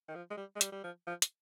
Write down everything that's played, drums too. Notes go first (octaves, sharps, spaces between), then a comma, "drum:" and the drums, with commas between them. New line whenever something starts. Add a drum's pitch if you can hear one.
D#3
F3
G#3
G3
G#3
G3, drum: hi-hat
G3
F3
F3
drum: hi-hat